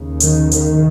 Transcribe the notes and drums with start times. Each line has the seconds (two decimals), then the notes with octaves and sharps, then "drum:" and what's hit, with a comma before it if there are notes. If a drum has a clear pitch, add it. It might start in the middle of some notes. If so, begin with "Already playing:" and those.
Already playing: D#2 C#3
0.20 D#3, drum: hi-hat
0.52 D#3, drum: hi-hat